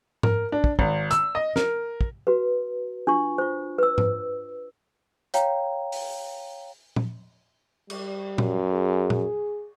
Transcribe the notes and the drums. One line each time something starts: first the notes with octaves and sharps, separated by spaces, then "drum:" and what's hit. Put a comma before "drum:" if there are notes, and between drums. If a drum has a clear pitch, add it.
A#4, drum: tom G#2
D4
drum: kick
G#1, drum: kick
E6, drum: hi-hat
D#5
A#4, drum: snare
drum: kick
F#4 B4
D4 F4 C#6
F4 C5
B4 E6
drum: tom G#2
C#5 F5 G5 A#5, drum: hi-hat
drum: open hi-hat
drum: tom A#2
G3, drum: cymbal
F#2, drum: tom A#2
G#4
drum: tom A#2